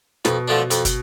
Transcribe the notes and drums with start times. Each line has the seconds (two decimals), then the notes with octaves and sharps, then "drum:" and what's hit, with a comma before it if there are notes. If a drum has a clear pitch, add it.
0.25 F2 B2, drum: snare
0.48 D3 F3 A3 D4
0.71 F2, drum: hi-hat
0.85 drum: kick, hi-hat